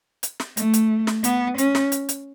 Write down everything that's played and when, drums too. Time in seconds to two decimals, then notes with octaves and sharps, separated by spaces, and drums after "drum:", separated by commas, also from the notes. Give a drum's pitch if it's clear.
0.23 drum: hi-hat
0.40 drum: snare
0.57 A3, drum: hi-hat
0.73 drum: hi-hat
1.07 drum: snare
1.24 B3, drum: hi-hat
1.58 C#4, drum: hi-hat
1.75 drum: snare
1.92 drum: hi-hat
2.09 drum: hi-hat